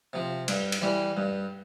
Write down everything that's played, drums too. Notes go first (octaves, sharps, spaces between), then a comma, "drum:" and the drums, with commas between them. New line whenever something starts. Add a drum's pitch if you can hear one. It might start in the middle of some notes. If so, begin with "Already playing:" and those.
C3 F3
G2, drum: cymbal
drum: cymbal
E3 G3
G2